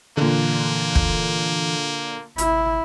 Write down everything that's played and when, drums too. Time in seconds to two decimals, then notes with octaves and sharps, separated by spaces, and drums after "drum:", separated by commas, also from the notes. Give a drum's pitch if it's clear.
0.17 A#2 D3 E3 A#3
0.95 drum: kick
2.38 G#1 E4, drum: hi-hat